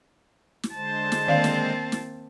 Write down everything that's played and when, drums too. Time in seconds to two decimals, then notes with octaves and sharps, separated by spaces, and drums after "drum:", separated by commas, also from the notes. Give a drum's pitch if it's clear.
0.63 drum: snare
0.75 D3 G#3 C5 A5
1.12 drum: snare
1.28 D#3 A#3 C4 D5 F5
1.44 drum: snare
1.92 drum: snare